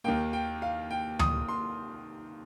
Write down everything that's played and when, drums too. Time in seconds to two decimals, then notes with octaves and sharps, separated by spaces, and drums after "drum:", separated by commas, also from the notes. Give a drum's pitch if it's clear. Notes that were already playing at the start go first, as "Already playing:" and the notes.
0.04 D#2 D#3 A#3 G5
0.33 G5
0.62 F5
0.91 G5
1.19 D#6, drum: tom D2
1.48 C6